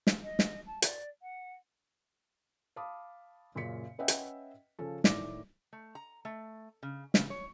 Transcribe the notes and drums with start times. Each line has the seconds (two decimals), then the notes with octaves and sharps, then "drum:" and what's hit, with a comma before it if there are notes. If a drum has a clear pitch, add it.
0.07 drum: snare
0.23 D#5
0.39 drum: snare
0.66 A5
0.82 D5, drum: hi-hat
1.21 F#5
2.76 F5 A5 B5 D6 D#6
3.55 F#2 A#2 C#3 B6 C#7
3.99 C#4 B4 D#5 E5 F#5 G5
4.08 drum: hi-hat
4.79 C#3 F3 C#4 A4
5.04 A2 D#3 D5 D6 A#6, drum: snare
5.73 A3
5.95 A#5
6.25 A3
6.83 C#3
7.14 C#3, drum: snare
7.30 C#5